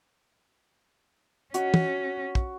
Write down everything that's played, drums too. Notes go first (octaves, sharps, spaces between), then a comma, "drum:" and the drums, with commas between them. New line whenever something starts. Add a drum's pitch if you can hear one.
C#4 F#4, drum: hi-hat
drum: tom
drum: kick